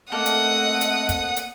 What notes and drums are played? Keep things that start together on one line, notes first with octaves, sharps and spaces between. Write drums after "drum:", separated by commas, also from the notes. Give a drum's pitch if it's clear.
A3 A#3 C4 A4 D#5 F#5 D#6 F#6
drum: hi-hat
drum: hi-hat
drum: kick, hi-hat
drum: hi-hat